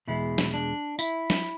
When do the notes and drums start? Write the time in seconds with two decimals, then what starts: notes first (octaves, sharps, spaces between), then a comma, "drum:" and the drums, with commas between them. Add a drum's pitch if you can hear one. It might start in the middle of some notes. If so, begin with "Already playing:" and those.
0.08 E2 B2 G#3 E4
0.38 drum: snare
0.54 D4
0.99 E4, drum: tambourine
1.30 drum: snare